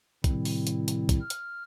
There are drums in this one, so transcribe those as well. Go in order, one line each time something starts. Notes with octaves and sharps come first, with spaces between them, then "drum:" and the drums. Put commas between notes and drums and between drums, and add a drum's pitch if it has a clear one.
A2 C3 D#3 G3 C4 E4, drum: kick, hi-hat
drum: open hi-hat
drum: hi-hat
drum: hi-hat
drum: kick, hi-hat
F6
drum: hi-hat